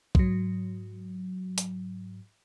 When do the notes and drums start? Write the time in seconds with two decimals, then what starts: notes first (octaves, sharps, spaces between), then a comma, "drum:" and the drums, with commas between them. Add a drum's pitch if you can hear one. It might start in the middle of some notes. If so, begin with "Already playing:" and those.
0.15 G#2 F#3, drum: kick
1.58 drum: hi-hat